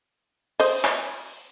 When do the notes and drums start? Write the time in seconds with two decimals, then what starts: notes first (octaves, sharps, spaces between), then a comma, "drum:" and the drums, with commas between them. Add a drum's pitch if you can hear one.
0.60 C5 D#5, drum: open hi-hat
0.84 drum: clap